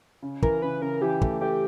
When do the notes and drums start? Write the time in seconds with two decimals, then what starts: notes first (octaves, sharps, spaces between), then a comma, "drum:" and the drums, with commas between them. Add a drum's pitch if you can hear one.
0.22 C#3
0.42 E3 A#4, drum: kick
0.62 C#3 B4
0.82 C#3 A#4
1.02 E3 G4
1.22 A3, drum: kick
1.41 A3 G4